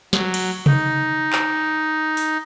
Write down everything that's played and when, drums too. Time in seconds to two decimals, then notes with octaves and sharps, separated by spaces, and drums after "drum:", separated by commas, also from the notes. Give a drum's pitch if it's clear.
0.13 F#3, drum: snare
0.34 drum: cymbal
0.66 D#4, drum: tom C3
1.33 drum: clap
2.17 drum: open hi-hat